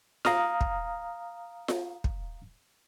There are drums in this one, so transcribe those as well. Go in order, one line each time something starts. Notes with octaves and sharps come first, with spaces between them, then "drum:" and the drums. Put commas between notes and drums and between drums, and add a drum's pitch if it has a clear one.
F5 A#5 D#6 F6, drum: snare F4
drum: kick
drum: snare F4
drum: kick